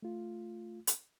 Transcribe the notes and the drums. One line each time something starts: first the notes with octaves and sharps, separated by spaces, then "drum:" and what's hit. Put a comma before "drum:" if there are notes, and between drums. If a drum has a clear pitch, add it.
A3 F4
drum: hi-hat